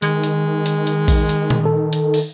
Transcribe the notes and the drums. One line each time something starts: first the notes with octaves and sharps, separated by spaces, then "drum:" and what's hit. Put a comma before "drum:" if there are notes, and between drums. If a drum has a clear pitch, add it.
D#3 G#3, drum: hi-hat
drum: hi-hat
drum: hi-hat
drum: hi-hat
drum: kick A#1, open hi-hat
drum: hi-hat
drum: tom A#2
A4
drum: hi-hat
drum: open hi-hat